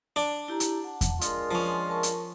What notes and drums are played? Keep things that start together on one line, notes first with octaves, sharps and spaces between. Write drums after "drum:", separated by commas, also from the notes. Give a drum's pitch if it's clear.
D4 D5
E4 G4 A#5
drum: hi-hat
F#5 A5
drum: kick E2, hi-hat
G#3 D4 F4 A#4 C6 D#6, drum: hi-hat
F3 C#4
A#4 A5 C#6
drum: hi-hat